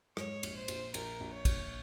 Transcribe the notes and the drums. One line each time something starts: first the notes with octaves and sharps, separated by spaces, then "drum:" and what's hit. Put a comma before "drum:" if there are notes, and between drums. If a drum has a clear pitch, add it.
G#2 C#5, drum: rim click
A#1, drum: cymbal
C5
A#1, drum: cymbal
A#1 A#4, drum: cymbal
A#1
C#5
A#1, drum: kick, cymbal